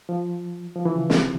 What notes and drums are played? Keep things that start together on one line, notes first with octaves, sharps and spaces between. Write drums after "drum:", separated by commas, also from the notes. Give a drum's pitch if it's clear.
F3
F3
E3
C#3
C3, drum: snare